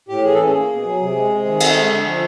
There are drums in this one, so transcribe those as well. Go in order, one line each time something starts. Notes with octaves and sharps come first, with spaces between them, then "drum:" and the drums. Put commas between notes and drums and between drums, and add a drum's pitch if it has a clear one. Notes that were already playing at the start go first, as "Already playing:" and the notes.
A2 G4
E3 G#4
C#4 A4
G#4
A#3
B2
F#3
C3
G#3
C3
D#3
C4 A4, drum: cymbal
G#3
D3
F3